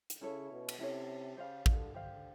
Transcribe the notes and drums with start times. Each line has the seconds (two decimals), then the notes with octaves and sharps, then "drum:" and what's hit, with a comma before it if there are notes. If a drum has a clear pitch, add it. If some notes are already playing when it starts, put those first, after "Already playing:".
0.10 drum: hi-hat
0.21 C#3 C#4 E4 A4 C#5
0.51 B2
0.69 drum: cymbal
0.79 C3 C#4 E4 A4 C#5
1.37 C#3 G4 C5 F5
1.66 D3, drum: kick
1.94 D3 G4 C5 F5